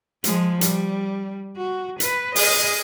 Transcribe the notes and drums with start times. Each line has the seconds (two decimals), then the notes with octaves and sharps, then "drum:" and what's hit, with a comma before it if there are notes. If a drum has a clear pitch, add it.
0.24 F3 G#3, drum: hi-hat
0.61 G3, drum: hi-hat
1.57 F#4
2.00 B4, drum: hi-hat
2.36 G#4 D#5, drum: open hi-hat